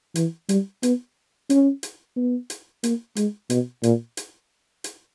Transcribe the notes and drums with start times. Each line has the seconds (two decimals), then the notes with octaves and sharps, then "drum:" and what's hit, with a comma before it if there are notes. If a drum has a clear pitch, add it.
0.15 E3, drum: hi-hat
0.49 G3, drum: hi-hat
0.83 B3, drum: hi-hat
1.50 C#4, drum: hi-hat
1.83 drum: hi-hat
2.16 B3
2.50 drum: hi-hat
2.83 A#3, drum: hi-hat
3.16 G#3, drum: hi-hat
3.50 B2, drum: hi-hat
3.83 A#2, drum: hi-hat
4.17 drum: hi-hat
4.84 drum: hi-hat